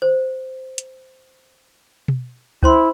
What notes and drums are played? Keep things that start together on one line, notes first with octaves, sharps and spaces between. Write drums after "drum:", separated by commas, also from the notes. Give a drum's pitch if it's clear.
C5
drum: hi-hat
drum: tom B2
C#4 E4 C5 C6, drum: kick